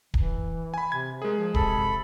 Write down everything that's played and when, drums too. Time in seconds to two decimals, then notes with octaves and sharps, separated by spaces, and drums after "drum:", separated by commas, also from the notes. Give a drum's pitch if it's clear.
0.14 E3, drum: kick D1
0.74 G#5 B5
0.92 C3 G#6
1.22 G#3 G#4 A#4
1.38 F3
1.54 C3 A4 B5, drum: kick D1